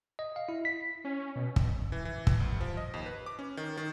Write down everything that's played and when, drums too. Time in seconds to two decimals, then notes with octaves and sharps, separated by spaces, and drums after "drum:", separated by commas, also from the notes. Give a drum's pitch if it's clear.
0.19 D#5
0.36 F5
0.49 E4
0.65 B6
1.05 C#4
1.36 B2
1.56 C2, drum: kick
1.92 E3
2.05 E3
2.27 drum: kick
2.40 C2
2.61 F3
2.77 D#5
2.94 D#2
3.06 B4
3.26 D6
3.39 C#4
3.57 D#3
3.77 D#3